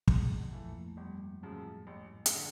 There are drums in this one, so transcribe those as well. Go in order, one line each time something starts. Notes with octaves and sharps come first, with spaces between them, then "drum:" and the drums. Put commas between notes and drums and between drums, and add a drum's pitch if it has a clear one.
F2 G#2 F3, drum: kick
F2 E3 F3 A3
A#3
A3
G#3
G1 G2 G3
F#2 A2 C#3 F3 G#3 A3
A1 G#2 G#3
drum: hi-hat
D3